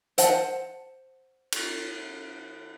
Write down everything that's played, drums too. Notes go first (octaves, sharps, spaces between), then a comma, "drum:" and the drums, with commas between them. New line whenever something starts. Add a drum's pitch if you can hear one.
C5 F#5 A5, drum: hi-hat
drum: cymbal